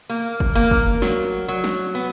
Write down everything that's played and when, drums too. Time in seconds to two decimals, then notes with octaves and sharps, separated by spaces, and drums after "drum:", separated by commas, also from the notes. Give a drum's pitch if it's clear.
0.09 A#3
0.40 drum: kick
0.55 A#3
0.71 drum: kick
1.02 F#3, drum: snare
1.48 F#3
1.64 drum: snare
1.95 B3